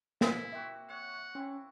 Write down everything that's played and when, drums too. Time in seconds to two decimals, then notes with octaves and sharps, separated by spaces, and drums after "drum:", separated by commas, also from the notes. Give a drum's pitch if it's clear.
0.21 E4, drum: snare
0.53 A#3 C4 F#4 E5
0.89 C#5 F#5
1.35 C4 C#4 E4